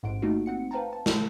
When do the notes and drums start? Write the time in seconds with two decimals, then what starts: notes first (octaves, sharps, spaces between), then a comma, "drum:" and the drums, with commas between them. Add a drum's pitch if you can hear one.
0.03 A1 G#2 F#5 C6 D7
0.22 A3 A#3 D#4 F4 F#4
0.46 C4 F#5 C#7
0.71 B4 C5 F5 G5 A5 A#5
0.93 A5
1.06 drum: snare